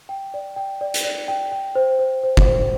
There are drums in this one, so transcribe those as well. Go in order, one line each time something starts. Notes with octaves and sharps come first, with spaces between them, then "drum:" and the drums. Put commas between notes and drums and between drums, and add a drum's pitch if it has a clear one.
G5
D5
G5
D5
drum: hi-hat
D5
G5
G5
C5
C5
C5
drum: kick
C5